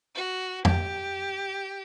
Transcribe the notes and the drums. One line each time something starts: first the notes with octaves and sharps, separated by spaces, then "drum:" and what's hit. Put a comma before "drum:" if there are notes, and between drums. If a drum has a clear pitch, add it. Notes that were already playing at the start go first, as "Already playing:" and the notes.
F#4
G4, drum: tom F2